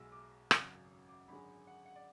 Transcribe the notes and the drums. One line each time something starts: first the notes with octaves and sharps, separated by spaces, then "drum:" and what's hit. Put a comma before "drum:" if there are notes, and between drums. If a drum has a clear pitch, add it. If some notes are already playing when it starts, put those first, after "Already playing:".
Already playing: B1 B2 G#3 E6
D6
G#1 F#2 C#3 F#3, drum: rim click
D6
G#1 F#2 D3 G#3 B5
F#5
F#5
D5